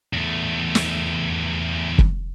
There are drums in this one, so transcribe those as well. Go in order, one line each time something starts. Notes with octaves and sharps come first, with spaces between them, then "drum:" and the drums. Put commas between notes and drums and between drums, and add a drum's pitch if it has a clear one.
E2 A3
drum: snare
drum: kick